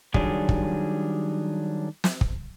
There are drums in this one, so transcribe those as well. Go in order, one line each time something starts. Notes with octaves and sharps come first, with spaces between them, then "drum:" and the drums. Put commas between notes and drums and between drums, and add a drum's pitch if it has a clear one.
D#3 F#3 G3 D4 G#4, drum: kick
drum: kick
drum: snare
drum: kick